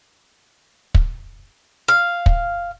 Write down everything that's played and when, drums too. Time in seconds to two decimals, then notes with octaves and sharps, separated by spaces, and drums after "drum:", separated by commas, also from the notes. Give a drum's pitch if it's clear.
0.95 drum: kick
1.88 F5
2.26 drum: kick